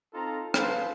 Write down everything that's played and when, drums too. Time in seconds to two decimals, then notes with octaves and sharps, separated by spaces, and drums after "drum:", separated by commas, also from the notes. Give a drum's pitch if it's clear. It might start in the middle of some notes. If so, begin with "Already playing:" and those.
0.14 C4 D#4 F4 A4 A#5
0.54 F4 G#4 A4 B4 C5 F5, drum: rim click